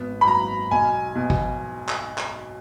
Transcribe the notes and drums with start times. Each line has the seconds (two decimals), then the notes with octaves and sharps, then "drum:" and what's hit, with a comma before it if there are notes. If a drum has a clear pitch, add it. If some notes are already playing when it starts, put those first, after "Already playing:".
Already playing: G#1 B3
0.21 B5
0.27 F#3 A#5
0.71 B1 G#5
1.15 B2
1.30 drum: kick
1.89 drum: clap
2.18 drum: clap